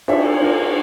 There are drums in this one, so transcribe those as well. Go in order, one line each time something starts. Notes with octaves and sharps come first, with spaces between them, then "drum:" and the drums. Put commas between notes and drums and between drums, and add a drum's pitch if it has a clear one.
D4 F4 E5, drum: cymbal
A4
C#5
D4 F4 A#4
A4
A#4